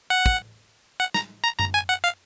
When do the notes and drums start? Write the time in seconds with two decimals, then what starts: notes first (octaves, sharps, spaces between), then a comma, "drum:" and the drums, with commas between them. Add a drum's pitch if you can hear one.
0.10 F#5
0.26 drum: kick
1.00 F#5
1.14 A#5, drum: snare
1.44 A#5
1.59 A#5, drum: tom F#2
1.74 G#5
1.89 F#5
2.04 F5